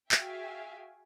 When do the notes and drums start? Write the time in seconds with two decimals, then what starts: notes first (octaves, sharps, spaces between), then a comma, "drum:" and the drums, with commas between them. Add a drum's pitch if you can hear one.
0.12 F#4 G#4 E5 F5 G5 G#5, drum: clap